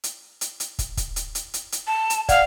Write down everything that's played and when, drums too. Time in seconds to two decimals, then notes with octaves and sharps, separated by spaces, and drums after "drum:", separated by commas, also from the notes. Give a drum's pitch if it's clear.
0.04 drum: hi-hat
0.41 drum: hi-hat
0.60 drum: hi-hat
0.79 drum: kick, hi-hat
0.97 drum: kick, hi-hat
1.16 drum: hi-hat
1.35 drum: hi-hat
1.54 drum: hi-hat
1.72 drum: hi-hat
1.87 A5
2.10 drum: hi-hat
2.29 D5 F5 F#5, drum: kick, hi-hat